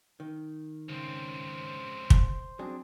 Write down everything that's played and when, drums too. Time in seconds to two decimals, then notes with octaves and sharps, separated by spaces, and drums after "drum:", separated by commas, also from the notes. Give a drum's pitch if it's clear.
0.20 D#3
0.89 C#2 C#3 C4 C5
2.10 drum: kick
2.59 F#3 C4 D4 G#4